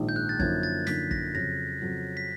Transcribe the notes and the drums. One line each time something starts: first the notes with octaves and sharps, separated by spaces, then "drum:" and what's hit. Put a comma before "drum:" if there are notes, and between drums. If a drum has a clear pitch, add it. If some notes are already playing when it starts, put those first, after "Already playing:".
Already playing: A#1 G#2 D#3
G6
F#6
A6
F#2 D3 F3 A#3 D#4 G#6, drum: kick
A6
F#2 D3 F3 A#3 D#4 B6, drum: snare
A#6, drum: kick
F2 C#3 F#3 A#6
F2 C#3 F#3
B6